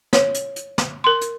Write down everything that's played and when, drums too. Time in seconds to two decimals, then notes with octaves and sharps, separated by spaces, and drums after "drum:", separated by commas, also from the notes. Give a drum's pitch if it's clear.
0.13 C#5, drum: snare
0.34 drum: hi-hat
0.56 drum: hi-hat
0.78 drum: snare
1.04 A#4 C6
1.21 drum: hi-hat